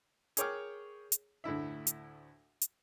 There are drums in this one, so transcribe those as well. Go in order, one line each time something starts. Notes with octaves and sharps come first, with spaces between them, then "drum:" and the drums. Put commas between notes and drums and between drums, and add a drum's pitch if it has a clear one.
G#4 A#4 C#5 G5 D6 F6, drum: hi-hat
drum: hi-hat
D2 A2 E4 E5
drum: hi-hat
drum: hi-hat